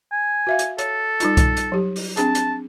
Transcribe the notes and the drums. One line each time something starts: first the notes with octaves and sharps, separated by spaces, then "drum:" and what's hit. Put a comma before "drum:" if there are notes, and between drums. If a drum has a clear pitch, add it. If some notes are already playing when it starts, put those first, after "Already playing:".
G#5
F#4 E5 F5
drum: hi-hat
A4 C#5, drum: hi-hat
G3 D#4 F4, drum: hi-hat
drum: kick B1, hi-hat
drum: hi-hat
F#3 G4
drum: open hi-hat
C4 D4 G#4 A5, drum: hi-hat
drum: hi-hat